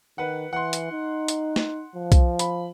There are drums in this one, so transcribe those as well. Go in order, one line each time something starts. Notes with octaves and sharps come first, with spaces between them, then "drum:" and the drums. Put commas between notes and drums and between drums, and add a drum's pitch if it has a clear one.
D#3 B4 F#5
E3 F#5 C6
drum: hi-hat
D#4
drum: hi-hat
drum: snare
F3
drum: kick B1, hi-hat
B5, drum: hi-hat